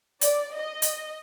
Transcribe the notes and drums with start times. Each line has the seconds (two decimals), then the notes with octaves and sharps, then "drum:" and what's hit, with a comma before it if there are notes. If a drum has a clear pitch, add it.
0.21 D5, drum: hi-hat
0.56 D#5
0.82 drum: hi-hat